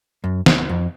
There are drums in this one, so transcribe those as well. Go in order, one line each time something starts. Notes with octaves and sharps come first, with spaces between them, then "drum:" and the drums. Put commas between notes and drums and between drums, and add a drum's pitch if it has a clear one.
F#2
D2, drum: snare
F2